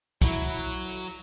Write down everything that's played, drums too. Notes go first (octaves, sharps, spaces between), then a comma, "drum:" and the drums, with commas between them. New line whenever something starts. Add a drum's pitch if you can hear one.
F#3 E4, drum: kick B1, hi-hat
drum: open hi-hat